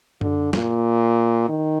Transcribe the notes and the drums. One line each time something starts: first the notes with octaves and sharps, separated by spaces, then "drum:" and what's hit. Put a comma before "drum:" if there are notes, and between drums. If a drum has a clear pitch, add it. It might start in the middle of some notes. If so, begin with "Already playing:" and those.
D3, drum: tom F#2
A#2, drum: snare
D#3